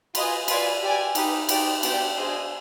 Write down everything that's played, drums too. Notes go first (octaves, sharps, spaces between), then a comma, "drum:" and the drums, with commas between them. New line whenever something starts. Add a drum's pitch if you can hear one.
F4 B4 D#5 G#5, drum: cymbal
F4 B4 D5 G#5, drum: cymbal
G4 D5 G#5
D#4 G4 B4, drum: cymbal
D#4 G4 D5 G5, drum: cymbal
B3 D4 G4 D5 G5, drum: cymbal
D4 G#4 C5 D#5 G#5